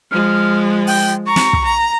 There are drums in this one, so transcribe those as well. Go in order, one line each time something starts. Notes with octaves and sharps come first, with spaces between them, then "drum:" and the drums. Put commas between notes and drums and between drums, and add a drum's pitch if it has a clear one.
F3 G#3 F6
G5, drum: open hi-hat
A#5 C#6
drum: snare
drum: kick
A#5